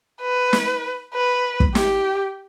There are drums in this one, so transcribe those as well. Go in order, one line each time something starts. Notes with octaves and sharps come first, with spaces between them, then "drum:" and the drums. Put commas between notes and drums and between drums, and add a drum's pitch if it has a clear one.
B4
drum: snare
B4
drum: kick
G4, drum: snare